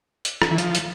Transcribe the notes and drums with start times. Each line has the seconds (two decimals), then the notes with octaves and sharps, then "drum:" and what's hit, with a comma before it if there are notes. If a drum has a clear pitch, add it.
0.25 drum: hi-hat
0.42 drum: rim click
0.51 E3
0.58 F3, drum: hi-hat
0.75 drum: hi-hat